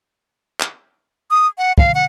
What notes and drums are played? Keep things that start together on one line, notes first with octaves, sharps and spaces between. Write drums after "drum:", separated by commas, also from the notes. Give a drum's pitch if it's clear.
drum: clap
D#6
F#5
F5, drum: kick
F#5